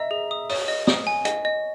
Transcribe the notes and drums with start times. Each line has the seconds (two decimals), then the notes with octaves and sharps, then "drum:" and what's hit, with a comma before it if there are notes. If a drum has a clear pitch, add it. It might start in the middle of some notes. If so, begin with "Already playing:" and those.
Already playing: D#5 E5 A#5
0.11 G#4
0.31 D#6
0.50 C#5 D#6, drum: open hi-hat
0.68 D#5
0.87 D#6, drum: snare
1.07 G#5
1.25 D#5, drum: hi-hat
1.45 D#5